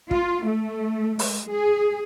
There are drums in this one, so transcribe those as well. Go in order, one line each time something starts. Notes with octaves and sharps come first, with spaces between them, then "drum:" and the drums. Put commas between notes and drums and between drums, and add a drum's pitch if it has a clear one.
F4, drum: kick
A3
G#3, drum: open hi-hat
G#4